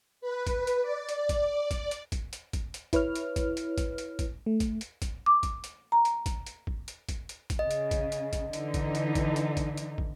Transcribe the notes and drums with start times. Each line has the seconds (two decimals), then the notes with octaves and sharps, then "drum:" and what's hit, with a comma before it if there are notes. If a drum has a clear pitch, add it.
0.21 B4
0.47 drum: kick, hi-hat
0.67 drum: hi-hat
0.82 D5
1.09 drum: hi-hat
1.29 drum: kick, hi-hat
1.71 drum: kick, hi-hat
1.91 drum: hi-hat
2.12 drum: kick, hi-hat
2.33 drum: hi-hat
2.53 drum: kick, hi-hat
2.74 drum: hi-hat
2.93 E4 B4 C#5 F6, drum: kick, hi-hat
3.15 drum: hi-hat
3.36 drum: kick, hi-hat
3.57 drum: hi-hat
3.78 drum: kick, hi-hat
3.98 drum: hi-hat
4.19 drum: kick, hi-hat
4.46 A3
4.60 drum: kick, hi-hat
4.81 drum: hi-hat
5.02 drum: kick, hi-hat
5.26 D6
5.43 drum: kick, hi-hat
5.64 drum: hi-hat
5.92 A#5
6.05 drum: hi-hat
6.26 drum: kick, hi-hat
6.46 drum: hi-hat
6.67 drum: kick
6.88 drum: hi-hat
7.09 drum: kick, hi-hat
7.29 drum: hi-hat
7.50 drum: kick, hi-hat
7.59 C#3 D#5
7.71 drum: hi-hat
7.91 drum: kick, hi-hat
8.12 drum: hi-hat
8.33 drum: kick, hi-hat
8.53 D3 E3 D#4, drum: hi-hat
8.74 drum: kick, hi-hat
8.95 drum: hi-hat
9.15 drum: kick, hi-hat
9.36 drum: hi-hat
9.57 drum: kick, hi-hat
9.77 drum: hi-hat
9.98 drum: kick